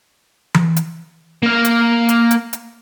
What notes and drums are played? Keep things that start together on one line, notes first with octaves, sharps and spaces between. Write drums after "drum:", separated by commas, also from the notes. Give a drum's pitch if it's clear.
drum: tom E3
drum: hi-hat
A#3 F5
drum: hi-hat
drum: hi-hat
drum: hi-hat
drum: hi-hat